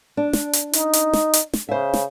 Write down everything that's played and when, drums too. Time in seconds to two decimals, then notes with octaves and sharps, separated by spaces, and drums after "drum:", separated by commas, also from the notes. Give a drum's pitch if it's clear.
0.17 D4
0.33 drum: snare
0.53 drum: hi-hat
0.73 D#4, drum: hi-hat
0.93 drum: hi-hat
1.13 drum: snare
1.33 drum: hi-hat
1.54 drum: snare
1.69 C#3 C5 E5
1.94 drum: snare